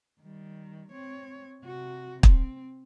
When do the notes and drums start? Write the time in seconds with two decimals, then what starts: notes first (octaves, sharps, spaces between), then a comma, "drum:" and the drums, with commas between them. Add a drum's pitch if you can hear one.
0.21 D#3 G3
0.91 C4 C#5
1.63 C3 F#4
2.23 C4, drum: kick